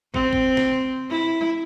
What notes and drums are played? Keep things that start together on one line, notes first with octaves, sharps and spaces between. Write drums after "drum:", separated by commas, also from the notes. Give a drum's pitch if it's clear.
C4, drum: kick
drum: kick
drum: snare
E4